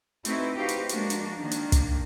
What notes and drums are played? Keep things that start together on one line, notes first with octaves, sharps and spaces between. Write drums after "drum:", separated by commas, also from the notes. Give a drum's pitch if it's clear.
A3 C4 D#4 E4 F#4 B4, drum: hi-hat
D#4 F#4 G4 B4 C5 F5
drum: hi-hat
F3 G#3 A#3 D4 F#4, drum: hi-hat
drum: hi-hat
D#3 A#3 D4
drum: hi-hat
drum: kick, hi-hat